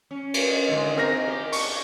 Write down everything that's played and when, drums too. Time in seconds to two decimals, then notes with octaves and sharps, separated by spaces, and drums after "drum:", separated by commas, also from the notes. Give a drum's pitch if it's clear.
0.11 C#4
0.34 drum: cymbal
0.44 D#5
0.69 G#2 D3 G#3 G#5 D#6 E6
0.96 A#3 C4 C#4 D#4 G#4 A#4 A#6
1.27 G4
1.52 C#4 D4 G#4 C#6 C#7, drum: open hi-hat